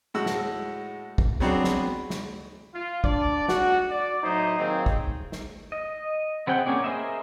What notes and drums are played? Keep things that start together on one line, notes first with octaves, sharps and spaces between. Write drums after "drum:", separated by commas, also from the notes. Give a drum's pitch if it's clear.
A2 G#3 F#4 E6
drum: snare
drum: kick
F#3 B3 C4 D4 F#4 G#4
drum: snare
drum: snare
F4
D4 D5, drum: kick
F#4, drum: snare
D5
A2 F#3 D#4 E4 C5 D#5
D#3 F#3 A#3 C4 D#4 G#4
drum: kick
drum: snare
D#5
B3 C4 G#4 F#5 G5
A#3 B3 C#4 G#4 D5
G#4 A#4 C5 D#5 E5